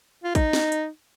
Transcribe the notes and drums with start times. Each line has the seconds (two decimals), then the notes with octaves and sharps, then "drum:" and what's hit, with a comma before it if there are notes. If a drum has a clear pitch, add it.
0.24 F4
0.35 D#4, drum: kick, hi-hat
0.53 drum: snare
0.72 drum: hi-hat